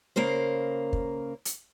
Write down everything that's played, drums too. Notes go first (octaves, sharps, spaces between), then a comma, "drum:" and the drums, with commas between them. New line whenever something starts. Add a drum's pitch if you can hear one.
C#3 A#3 A#4 C5
drum: kick
drum: hi-hat